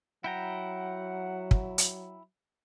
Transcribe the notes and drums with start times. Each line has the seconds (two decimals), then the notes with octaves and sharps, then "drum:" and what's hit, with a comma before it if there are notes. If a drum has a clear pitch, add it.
0.24 F#3 E4 F#5 G5 A#5
1.51 drum: kick
1.78 drum: hi-hat